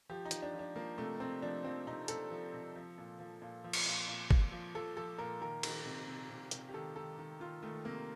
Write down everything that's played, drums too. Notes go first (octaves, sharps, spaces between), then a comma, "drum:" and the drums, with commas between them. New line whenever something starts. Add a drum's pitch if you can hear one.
F3 G4
D#4
F3, drum: hi-hat
D4
F3
D4
F3 A#3
C3 A3
C3 C4
F3 D4
F3 C4
C3 D#4
C3 A4, drum: hi-hat
F3
C3
F3
A#2
F3
A#2
F3
drum: cymbal
A#2
A#2
A#2, drum: kick G1
F3
F3 A4
F3 A4
A#2 A#4
D#3 A#4
D#3, drum: cymbal
C3
C3
C3
C3, drum: hi-hat
G4
D#3 A4
D#3 A4
D#3
D#3 F4
D#3 A3
C3 A#3